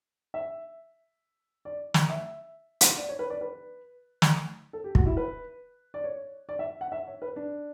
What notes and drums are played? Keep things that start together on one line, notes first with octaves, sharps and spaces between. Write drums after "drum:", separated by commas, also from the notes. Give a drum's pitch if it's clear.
E5
D5
drum: snare
E5
drum: hi-hat
D5
C#5
B4
D5
B4
drum: snare
A4
G4
F#4, drum: kick
E4
B4
D5
C#5
D5
E5
F#5
E5
C#5
B4
D4